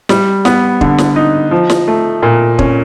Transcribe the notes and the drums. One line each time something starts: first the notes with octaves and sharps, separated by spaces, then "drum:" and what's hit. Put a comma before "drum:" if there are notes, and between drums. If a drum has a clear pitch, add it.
G3, drum: snare
B3, drum: snare
D3, drum: kick
drum: snare
D#4
F3
drum: snare
A3
A#2
C#4, drum: kick